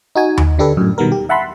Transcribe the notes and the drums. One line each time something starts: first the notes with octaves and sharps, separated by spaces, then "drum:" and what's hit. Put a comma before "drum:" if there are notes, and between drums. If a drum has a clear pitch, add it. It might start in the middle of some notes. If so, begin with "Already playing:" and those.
D#4 F#4 G#5
drum: tom D#2
D3 D4 G4 A4 B4
F#2 A2
B2 D#3 G3 B3 A#4
G4
E5 F#5 A5 B5 C6